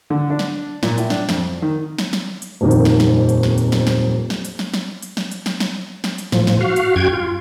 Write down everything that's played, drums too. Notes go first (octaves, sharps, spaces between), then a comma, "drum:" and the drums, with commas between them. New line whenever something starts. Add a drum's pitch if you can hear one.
D3
D4
drum: snare
A#2, drum: snare
A2, drum: hi-hat
D4, drum: snare
F2, drum: snare
D#3
drum: snare
drum: snare
drum: hi-hat
D#1 F2 D#3
drum: hi-hat
drum: snare
drum: snare
drum: hi-hat
drum: snare
drum: hi-hat
drum: snare
drum: snare
drum: snare
drum: hi-hat
drum: snare
drum: snare
drum: hi-hat
drum: snare
drum: hi-hat
drum: snare
drum: snare
drum: snare
drum: hi-hat
A2 F3, drum: snare
drum: snare
F#4 F5
drum: hi-hat
F#2 F#4 G5 G#6
F4